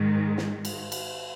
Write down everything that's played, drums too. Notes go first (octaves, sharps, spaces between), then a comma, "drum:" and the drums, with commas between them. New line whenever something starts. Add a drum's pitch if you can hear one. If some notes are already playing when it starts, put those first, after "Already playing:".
Already playing: G#2 D#3 G#3
drum: snare
drum: cymbal
drum: cymbal